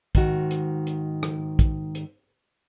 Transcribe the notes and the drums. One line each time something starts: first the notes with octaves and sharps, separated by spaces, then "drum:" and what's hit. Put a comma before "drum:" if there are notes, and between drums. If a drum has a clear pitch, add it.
G#2 D#3 F#4, drum: kick, hi-hat
drum: hi-hat
drum: hi-hat
drum: rim click
drum: kick, hi-hat
drum: hi-hat